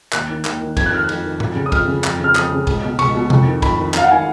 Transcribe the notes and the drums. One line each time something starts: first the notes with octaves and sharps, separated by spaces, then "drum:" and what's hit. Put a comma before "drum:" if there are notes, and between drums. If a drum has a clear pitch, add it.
D#2 F#6, drum: clap
D#3
D#2, drum: clap
D#3
F2 G#6, drum: kick, cymbal
F#6
D#3 F6
F#6
F2, drum: cymbal
D#3
F2, drum: tom A2
C#3
D#6
F2 F6, drum: kick, cymbal
C#3
F2, drum: clap
C#3 F6
F2 D#6, drum: clap
C#3
C#2, drum: kick, cymbal
B2
C#2 C#6, drum: cymbal
B2
F2, drum: tom C3
D#3
F2 B5, drum: kick, cymbal
D#3
F#2 F5, drum: clap
F#5
D#3 G#5